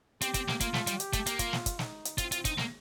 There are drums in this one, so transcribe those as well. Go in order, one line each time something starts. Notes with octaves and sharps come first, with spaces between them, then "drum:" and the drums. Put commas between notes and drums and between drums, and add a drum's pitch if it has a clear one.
C4 G4, drum: hi-hat
C4, drum: kick, hi-hat
A#3, drum: snare
A#3 F4, drum: kick, hi-hat
A3, drum: snare
G3, drum: hi-hat
G4, drum: hi-hat
A3, drum: kick, hi-hat
A#3, drum: hi-hat
F4, drum: kick, hi-hat
drum: snare
drum: kick, hi-hat
D#4, drum: snare
drum: hi-hat
C4 F4, drum: kick, hi-hat
F4, drum: hi-hat
D#4, drum: kick, hi-hat
A#3, drum: snare